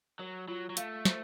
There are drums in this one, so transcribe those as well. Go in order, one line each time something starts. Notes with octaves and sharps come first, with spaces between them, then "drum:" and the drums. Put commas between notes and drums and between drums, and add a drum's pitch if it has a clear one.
F#3 A#4
F#3 F4
F#3
A3 F5, drum: hi-hat
C5, drum: snare